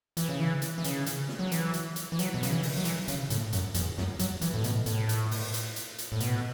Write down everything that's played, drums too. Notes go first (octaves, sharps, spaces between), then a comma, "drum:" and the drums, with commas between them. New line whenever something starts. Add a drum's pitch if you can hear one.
E3, drum: hi-hat
C#3
E3
drum: hi-hat
E3
C#3, drum: hi-hat
drum: hi-hat
drum: snare
F#3
E3, drum: hi-hat
drum: hi-hat
drum: hi-hat
E3
F#3, drum: hi-hat
B2
C#3, drum: hi-hat
E3
drum: open hi-hat
F#3
E3, drum: hi-hat
C#3, drum: hi-hat
A2, drum: hi-hat
F#2, drum: hi-hat
E2, drum: hi-hat
F#2, drum: snare
F#3, drum: hi-hat
E3, drum: hi-hat
A2
B2, drum: hi-hat
A2, drum: hi-hat
drum: hi-hat
drum: open hi-hat
drum: hi-hat
drum: hi-hat
drum: hi-hat
A2
B2, drum: hi-hat